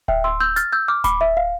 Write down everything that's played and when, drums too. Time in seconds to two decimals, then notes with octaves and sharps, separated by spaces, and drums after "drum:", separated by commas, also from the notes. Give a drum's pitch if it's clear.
0.08 E5 G5, drum: kick D1
0.24 C6 E6
0.40 E6 G6
0.56 F6 A6, drum: hi-hat
0.73 E6 G6
0.88 D6 F6
1.04 B5 D6, drum: kick D1, hi-hat
1.21 E5
1.37 F5